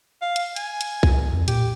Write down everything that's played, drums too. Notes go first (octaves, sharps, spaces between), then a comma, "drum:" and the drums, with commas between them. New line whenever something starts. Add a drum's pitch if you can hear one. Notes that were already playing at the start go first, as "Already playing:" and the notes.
F5
drum: hi-hat
G#5, drum: hi-hat
drum: hi-hat
drum: kick
F2
A#2 G4, drum: hi-hat